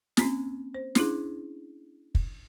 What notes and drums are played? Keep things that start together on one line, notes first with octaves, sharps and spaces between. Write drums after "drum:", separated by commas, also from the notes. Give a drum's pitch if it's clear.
A#3 C4 C#4, drum: snare
C5
C#4 D4 E4 G#4, drum: snare
drum: kick